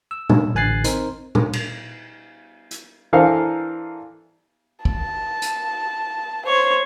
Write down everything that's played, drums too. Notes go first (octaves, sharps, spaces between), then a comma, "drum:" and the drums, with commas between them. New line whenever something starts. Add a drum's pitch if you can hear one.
E6
drum: tom A#2
A1 D3 G#5 F#6 A6 C7
C4 D#4 A#4 C5, drum: hi-hat
drum: tom A#2
drum: cymbal
drum: hi-hat
E3 D4 A4 A#4 C5 F5
A5, drum: kick
drum: hi-hat
C5 C#5